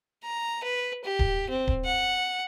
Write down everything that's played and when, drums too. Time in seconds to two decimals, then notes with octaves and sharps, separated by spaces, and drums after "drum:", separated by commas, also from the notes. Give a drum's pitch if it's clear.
0.23 A#5
0.63 B4
1.04 G4
1.19 drum: kick D1
1.50 C4
1.68 drum: kick D1
1.85 F#5